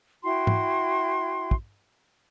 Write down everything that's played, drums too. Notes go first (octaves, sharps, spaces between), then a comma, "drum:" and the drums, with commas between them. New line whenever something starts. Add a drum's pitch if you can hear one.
E4 F#4 G5 C6
drum: tom G#2
drum: kick